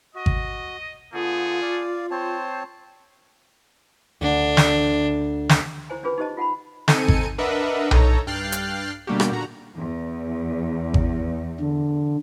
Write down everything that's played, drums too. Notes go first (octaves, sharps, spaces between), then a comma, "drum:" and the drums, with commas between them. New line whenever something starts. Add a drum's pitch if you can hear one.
F#4 D#5
drum: kick G#1
D3 A3 B3 F4 G#4
D5 F5
C4 C5 C#5 A5
D2 D4
drum: snare
drum: snare
E4 C5 G#5
C#4 D4 F4 G#4 B4
D#4 G4 C5 D#5 A5
F4 F#5 A5 B5
C4 D#4 A4 G#5 C#7 D#7, drum: snare
drum: kick G#1
D4 A#4 B4 D#5 E5 F#5
D#4 A4 C#5 A#5, drum: tom B1
G2 G5 F6 F#6 A6 C7
drum: hi-hat
B2 D3 G3 A#3 F#4 G4
drum: rim click
A#2 D3 F#4 A#5
E2
drum: kick G#1
D3